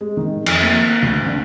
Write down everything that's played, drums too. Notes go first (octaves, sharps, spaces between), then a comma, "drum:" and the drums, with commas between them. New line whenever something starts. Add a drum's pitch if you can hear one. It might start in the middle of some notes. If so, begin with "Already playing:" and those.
G#3
D#3
F2, drum: cymbal
A#3
D2
D3